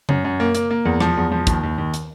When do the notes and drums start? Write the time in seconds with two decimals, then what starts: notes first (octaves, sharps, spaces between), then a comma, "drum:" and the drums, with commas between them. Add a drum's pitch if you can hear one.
0.09 F#2, drum: tom C#3
0.25 F#2
0.40 A#3
0.55 A#3, drum: hi-hat
0.70 A#3
0.85 E2
1.00 F3, drum: rim click
1.17 E2
1.31 F3
1.47 D#2, drum: kick, hi-hat
1.63 D#2
1.78 D#2
1.94 drum: hi-hat